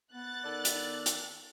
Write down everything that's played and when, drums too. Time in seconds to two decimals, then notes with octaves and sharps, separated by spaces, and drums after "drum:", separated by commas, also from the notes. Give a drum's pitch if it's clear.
0.13 B3 F#6 A6
0.44 D#3 A4 D5
0.65 drum: hi-hat
1.06 drum: hi-hat